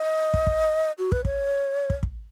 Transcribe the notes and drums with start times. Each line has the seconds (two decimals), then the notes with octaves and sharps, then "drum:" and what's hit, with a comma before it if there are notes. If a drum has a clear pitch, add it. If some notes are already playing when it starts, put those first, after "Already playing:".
Already playing: D#5
0.34 drum: kick
0.47 drum: kick
0.99 F#4
1.12 B4, drum: kick
1.25 C#5, drum: kick
1.90 drum: kick
2.03 drum: kick